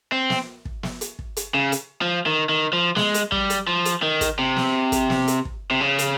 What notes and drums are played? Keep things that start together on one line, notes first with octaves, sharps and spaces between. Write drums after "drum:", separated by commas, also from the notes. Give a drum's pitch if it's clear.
C4
drum: snare
drum: kick
drum: snare
drum: hi-hat
drum: kick
drum: hi-hat
C#3
drum: hi-hat
F3
D#3
D#3
F3
G#3, drum: snare
drum: hi-hat
G3, drum: kick
drum: hi-hat
F3
drum: hi-hat
D#3
drum: kick, hi-hat
C3
drum: snare
drum: kick, hi-hat
drum: snare
drum: hi-hat
drum: kick
C3
C#3
drum: hi-hat